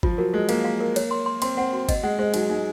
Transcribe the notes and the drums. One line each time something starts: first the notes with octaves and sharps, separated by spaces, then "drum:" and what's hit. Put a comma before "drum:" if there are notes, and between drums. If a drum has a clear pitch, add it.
F3 F4, drum: kick G#1
F#3 A#4
G#3 A#4
A#3 F5, drum: cymbal
F5
A#4
C#5, drum: cymbal
C6
C6
C4 C6, drum: cymbal
C4 F#5
F#4
D#5, drum: kick G#1, cymbal
G#3 F#5
G#3 C5
F#3 D#4, drum: cymbal
G#3 D#4